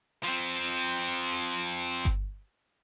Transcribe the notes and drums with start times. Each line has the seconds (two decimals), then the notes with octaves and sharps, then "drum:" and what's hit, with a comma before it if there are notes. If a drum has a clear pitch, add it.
0.23 F3 C4
1.32 drum: hi-hat
2.05 drum: kick G1, hi-hat